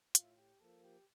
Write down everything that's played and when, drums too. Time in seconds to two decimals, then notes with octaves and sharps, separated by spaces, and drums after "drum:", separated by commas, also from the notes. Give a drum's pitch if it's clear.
0.15 A2 F4 F5, drum: hi-hat
0.23 E5
0.30 F5
0.37 G4 G5
0.60 F3 A#3 A4 A5
0.84 G4 G5